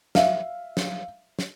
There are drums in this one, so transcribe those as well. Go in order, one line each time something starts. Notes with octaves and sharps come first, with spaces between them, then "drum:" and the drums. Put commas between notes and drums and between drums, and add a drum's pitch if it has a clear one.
E5 F5, drum: snare
drum: snare
drum: snare